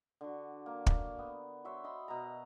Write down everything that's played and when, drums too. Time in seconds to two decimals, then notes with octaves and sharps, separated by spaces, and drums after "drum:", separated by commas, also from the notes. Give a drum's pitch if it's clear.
0.21 D3 F#4
0.66 A#3
0.86 drum: kick
1.19 B3
1.65 F#4 C5 C#5 E5
1.84 D#5 E5 B5 C6
2.08 B2 A#5